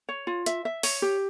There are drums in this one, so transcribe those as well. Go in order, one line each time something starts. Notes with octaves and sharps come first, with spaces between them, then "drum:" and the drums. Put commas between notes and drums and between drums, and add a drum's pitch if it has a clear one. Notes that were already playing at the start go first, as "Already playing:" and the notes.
C#5
F4
E5, drum: hi-hat
E5
C#5, drum: open hi-hat
G4